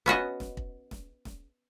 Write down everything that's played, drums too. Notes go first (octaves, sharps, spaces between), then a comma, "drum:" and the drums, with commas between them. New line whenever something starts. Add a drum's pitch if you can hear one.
B3 C#4 F#4 D#5, drum: snare
drum: snare
drum: kick
drum: snare
drum: snare